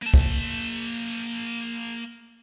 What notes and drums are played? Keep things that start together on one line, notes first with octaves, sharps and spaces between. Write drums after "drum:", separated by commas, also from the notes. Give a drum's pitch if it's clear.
A#3 A5
drum: kick